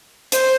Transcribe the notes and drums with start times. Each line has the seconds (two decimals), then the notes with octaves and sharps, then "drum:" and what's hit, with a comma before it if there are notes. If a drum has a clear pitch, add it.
0.32 C5, drum: hi-hat